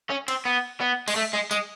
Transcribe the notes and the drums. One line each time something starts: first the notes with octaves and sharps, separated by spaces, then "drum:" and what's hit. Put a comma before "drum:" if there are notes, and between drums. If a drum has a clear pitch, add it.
C#4
C4, drum: cymbal
B3
B3
G#3, drum: cymbal
A3
G#3
G#3, drum: tambourine